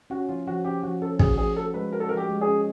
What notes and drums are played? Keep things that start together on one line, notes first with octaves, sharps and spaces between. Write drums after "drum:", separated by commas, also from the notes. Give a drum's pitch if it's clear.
C#4 F#4
F3 F4
F3 F#4
C#4 G4
F3 F#4
C#4 A4
F#4 G#4, drum: kick
F3 G#4
F#4 A4
G#3 B4
F#4 A#4
A4
F3 A#4
G4
G#3
G#4
C#4